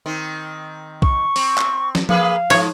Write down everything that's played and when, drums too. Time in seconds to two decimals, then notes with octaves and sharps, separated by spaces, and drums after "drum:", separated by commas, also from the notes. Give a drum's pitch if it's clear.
0.06 D#3 C4
1.02 C#6, drum: kick B1
1.36 C4, drum: open hi-hat
1.58 drum: clap
1.95 drum: snare
2.09 A#3 G#4 B4 F5, drum: tom F3
2.50 G#2 F3 C#5, drum: open hi-hat